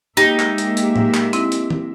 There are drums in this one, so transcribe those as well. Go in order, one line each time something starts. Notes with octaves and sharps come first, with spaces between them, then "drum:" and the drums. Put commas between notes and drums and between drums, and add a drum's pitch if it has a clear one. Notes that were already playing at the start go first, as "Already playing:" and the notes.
G#3 A#3 D#4 G4 E5
drum: clap
drum: hi-hat
drum: hi-hat
drum: tom
drum: clap
C4 E4, drum: hi-hat
drum: hi-hat
drum: tom D#3